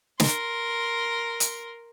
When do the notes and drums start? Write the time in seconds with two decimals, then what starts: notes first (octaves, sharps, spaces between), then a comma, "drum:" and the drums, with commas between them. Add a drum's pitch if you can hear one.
0.20 A#4 C6, drum: snare
1.40 drum: hi-hat